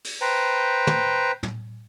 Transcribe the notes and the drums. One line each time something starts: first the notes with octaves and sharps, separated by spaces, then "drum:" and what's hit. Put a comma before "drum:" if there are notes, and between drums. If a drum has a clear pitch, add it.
drum: open hi-hat
B4 C5 G5 A#5
drum: tom
drum: tom